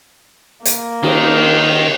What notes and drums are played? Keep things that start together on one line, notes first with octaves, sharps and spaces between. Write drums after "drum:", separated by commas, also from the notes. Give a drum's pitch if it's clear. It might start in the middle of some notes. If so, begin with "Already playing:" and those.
A#3, drum: hi-hat
D#3, drum: cymbal